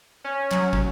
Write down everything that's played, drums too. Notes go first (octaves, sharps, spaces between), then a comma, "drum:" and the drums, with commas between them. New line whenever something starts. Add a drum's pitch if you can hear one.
C#4
F#3, drum: clap
drum: kick